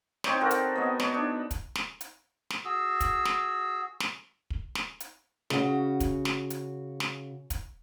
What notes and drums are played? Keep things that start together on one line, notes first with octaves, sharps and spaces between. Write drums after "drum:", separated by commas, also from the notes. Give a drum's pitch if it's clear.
C4 D#4 C#5 D5, drum: snare
F#4 A4 A#4 C5
drum: hi-hat
B3 C#5 D#5
C#5, drum: snare
D4 D#4
drum: kick, hi-hat
drum: snare
drum: hi-hat
drum: snare
F#4 G#4 E6
drum: kick, hi-hat
drum: snare
drum: snare
drum: kick
drum: snare
drum: hi-hat
C#3 F#4, drum: snare
drum: kick, hi-hat
drum: snare
drum: hi-hat
drum: snare
drum: kick, hi-hat